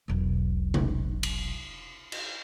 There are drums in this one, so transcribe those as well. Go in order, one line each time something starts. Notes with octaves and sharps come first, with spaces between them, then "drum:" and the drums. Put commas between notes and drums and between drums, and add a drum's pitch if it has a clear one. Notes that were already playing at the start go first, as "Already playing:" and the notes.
E1 B1
drum: tom C3
drum: cymbal
drum: cymbal